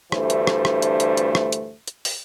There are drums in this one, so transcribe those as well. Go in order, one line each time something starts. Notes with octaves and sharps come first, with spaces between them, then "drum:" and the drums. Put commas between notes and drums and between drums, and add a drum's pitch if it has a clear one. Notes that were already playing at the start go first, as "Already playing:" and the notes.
D2 G2 E3 A3 C5, drum: rim click
drum: hi-hat
drum: rim click
drum: rim click
drum: hi-hat
drum: hi-hat
drum: hi-hat
drum: rim click
drum: hi-hat
drum: hi-hat
drum: open hi-hat